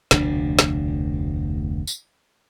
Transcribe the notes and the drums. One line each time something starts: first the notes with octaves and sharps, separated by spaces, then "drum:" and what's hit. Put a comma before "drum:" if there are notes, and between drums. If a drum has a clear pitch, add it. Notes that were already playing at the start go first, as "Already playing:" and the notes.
F1 D2 B2 D4, drum: snare
drum: snare
drum: tambourine